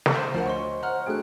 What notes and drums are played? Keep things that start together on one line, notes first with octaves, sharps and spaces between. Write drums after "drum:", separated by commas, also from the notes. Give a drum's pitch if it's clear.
drum: snare
C5 F5 C6 G6 D#7 E7
D2 F3 A#4 F#5
C5 C#5 D#5 C6 C#6
F#5 A#5 F6
A3 D4 F#4 G#4 G5 F#6